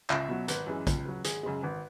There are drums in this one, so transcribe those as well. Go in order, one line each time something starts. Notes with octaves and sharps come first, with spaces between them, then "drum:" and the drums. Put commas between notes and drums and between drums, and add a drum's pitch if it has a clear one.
C#2 E5, drum: clap
B2 F#3
G#1 B4, drum: hi-hat
F#2 E3 G#3
C#2, drum: kick, hi-hat
C#3 F#3
G#1 G#4, drum: hi-hat
F#2 C#3 G#3
G#1 B4